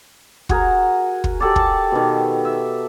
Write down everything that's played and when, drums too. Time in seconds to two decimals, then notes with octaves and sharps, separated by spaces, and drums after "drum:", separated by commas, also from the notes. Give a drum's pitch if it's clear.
0.49 F#4 G#4 A#4 A#5, drum: kick
1.24 drum: kick
1.40 G4 A4 C#5 D5
1.56 A5, drum: kick
1.92 B2 D#3
2.45 E5